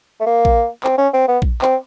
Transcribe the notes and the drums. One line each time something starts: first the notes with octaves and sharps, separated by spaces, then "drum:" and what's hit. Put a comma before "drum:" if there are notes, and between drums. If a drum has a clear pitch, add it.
A3
A#3
drum: kick A#1
C4, drum: clap
C#4
C4
B3
drum: kick A#1
C4, drum: clap